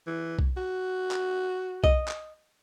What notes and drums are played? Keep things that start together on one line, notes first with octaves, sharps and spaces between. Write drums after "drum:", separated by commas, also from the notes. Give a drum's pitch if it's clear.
E3
drum: kick B1
F#4
drum: clap
D#5, drum: kick B1
drum: clap